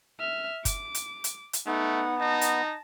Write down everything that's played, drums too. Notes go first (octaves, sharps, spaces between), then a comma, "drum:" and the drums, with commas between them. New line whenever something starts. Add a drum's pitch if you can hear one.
E5 F6
D6, drum: kick F#1, hi-hat
drum: hi-hat
drum: hi-hat
drum: hi-hat
A3 B3 D#4 F#5
D#4 A5 A#6
drum: hi-hat